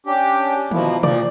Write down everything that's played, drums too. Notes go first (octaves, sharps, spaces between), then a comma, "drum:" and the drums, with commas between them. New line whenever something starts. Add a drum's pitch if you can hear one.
C#4 D4 G4
B2 F3 A#3 E4, drum: tom
A#2 F3 D5, drum: tom